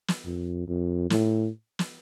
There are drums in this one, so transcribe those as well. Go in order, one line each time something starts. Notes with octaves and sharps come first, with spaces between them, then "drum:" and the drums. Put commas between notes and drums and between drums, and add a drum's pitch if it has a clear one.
drum: snare
F2
F2
A2, drum: snare
drum: snare